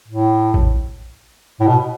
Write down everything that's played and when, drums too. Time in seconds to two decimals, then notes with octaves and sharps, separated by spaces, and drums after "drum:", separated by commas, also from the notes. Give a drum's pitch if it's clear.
0.08 A2
0.54 drum: kick A1
1.60 A2
1.68 B2